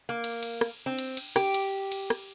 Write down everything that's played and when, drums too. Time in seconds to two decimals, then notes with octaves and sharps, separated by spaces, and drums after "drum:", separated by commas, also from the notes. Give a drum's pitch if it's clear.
0.09 A#3
0.24 drum: cymbal
0.43 drum: cymbal
0.61 drum: rim click
0.86 C4
0.99 drum: cymbal
1.17 drum: cymbal
1.36 G4, drum: rim click
1.54 drum: cymbal
1.92 drum: cymbal
2.10 drum: rim click